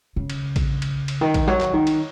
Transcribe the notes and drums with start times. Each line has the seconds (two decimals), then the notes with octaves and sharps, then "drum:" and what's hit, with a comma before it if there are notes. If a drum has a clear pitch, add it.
0.16 C#3
0.30 drum: cymbal
0.56 drum: kick A#1, cymbal
0.82 drum: cymbal
1.08 drum: cymbal
1.21 D#3
1.34 drum: kick A#1, cymbal
1.47 F#3
1.61 drum: clap
1.74 D#3
1.87 drum: cymbal